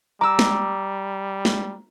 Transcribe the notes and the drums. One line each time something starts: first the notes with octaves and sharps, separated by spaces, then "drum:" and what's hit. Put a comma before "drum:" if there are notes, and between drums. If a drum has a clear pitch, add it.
G3 A#5 D6 E6
drum: snare
drum: snare